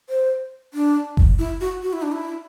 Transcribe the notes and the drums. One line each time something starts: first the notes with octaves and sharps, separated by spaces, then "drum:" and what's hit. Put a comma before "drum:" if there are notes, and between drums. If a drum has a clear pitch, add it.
C5
D4
drum: kick F#1
E4
F#4
F#4
E4
D4
E4